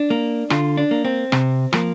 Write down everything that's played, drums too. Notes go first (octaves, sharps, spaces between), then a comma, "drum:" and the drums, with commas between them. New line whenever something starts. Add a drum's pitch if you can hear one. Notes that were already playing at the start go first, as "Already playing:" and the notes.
Already playing: D4
A#3
D3 F4, drum: rim click
D4
A#3
C4
C3, drum: rim click
F3 A#3, drum: rim click